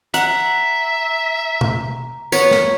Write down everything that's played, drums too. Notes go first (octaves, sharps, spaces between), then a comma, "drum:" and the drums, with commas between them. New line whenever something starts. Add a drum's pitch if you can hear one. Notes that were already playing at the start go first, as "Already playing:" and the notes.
E5 F#5 A#5, drum: hi-hat
drum: tom B2
B3 C#5, drum: tambourine
drum: snare